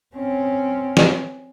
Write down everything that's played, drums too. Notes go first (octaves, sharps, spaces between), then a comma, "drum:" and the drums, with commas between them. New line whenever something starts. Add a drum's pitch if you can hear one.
C4 C#4
drum: snare